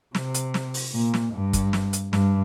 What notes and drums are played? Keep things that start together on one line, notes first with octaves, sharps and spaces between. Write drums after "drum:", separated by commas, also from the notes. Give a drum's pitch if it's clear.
C3, drum: snare
drum: hi-hat
drum: snare
drum: open hi-hat
A#2
drum: snare
G2
drum: kick, hi-hat
drum: snare
drum: hi-hat
G2, drum: snare